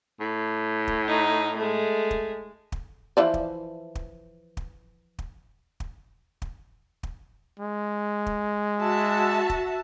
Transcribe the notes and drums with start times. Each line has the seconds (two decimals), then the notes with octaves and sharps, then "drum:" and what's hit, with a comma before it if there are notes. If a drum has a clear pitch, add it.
0.20 A2
0.87 drum: kick
1.08 D#4
1.57 G#3 A3
2.11 drum: kick
2.72 drum: kick
3.17 E3 F3 D5
3.34 drum: kick
3.95 drum: kick
4.57 drum: kick
5.19 drum: kick
5.80 drum: kick
6.42 drum: kick
7.03 drum: kick
7.59 G#3
8.26 drum: kick
8.82 F#4 E5 A5
9.50 drum: kick